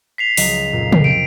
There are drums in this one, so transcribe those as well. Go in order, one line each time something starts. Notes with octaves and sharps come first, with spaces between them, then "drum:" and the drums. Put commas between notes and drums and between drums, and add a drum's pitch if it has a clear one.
B6 C7 F7
C#2 F#3 D#5, drum: open hi-hat
F2 A#2
drum: tom
C4 D7